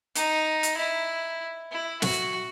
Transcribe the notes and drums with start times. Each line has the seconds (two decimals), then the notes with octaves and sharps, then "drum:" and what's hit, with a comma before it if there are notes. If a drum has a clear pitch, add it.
0.15 D#4, drum: hi-hat
0.63 drum: hi-hat
0.77 E4
1.71 E4
2.02 F#4, drum: snare